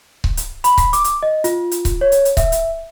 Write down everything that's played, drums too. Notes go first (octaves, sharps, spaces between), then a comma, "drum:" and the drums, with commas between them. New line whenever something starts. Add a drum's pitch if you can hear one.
drum: kick C#1
drum: hi-hat
B5, drum: hi-hat
drum: kick C#1, hi-hat
D6, drum: hi-hat
drum: hi-hat
D#5
F4, drum: hi-hat
drum: hi-hat
drum: kick C#1, hi-hat
C#5
drum: hi-hat
drum: hi-hat
E5, drum: kick C#1, hi-hat
drum: hi-hat